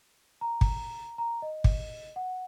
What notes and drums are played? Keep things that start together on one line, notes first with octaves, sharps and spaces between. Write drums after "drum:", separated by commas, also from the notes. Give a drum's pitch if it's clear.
A#5
drum: kick
A#5
D#5
drum: kick
F#5